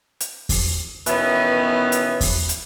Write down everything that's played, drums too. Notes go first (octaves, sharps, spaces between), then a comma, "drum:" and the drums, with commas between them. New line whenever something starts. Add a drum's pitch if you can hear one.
drum: hi-hat
drum: kick E2, open hi-hat
B2 D#3 E3 B3 C#4, drum: hi-hat
drum: hi-hat
drum: kick E2, open hi-hat
drum: hi-hat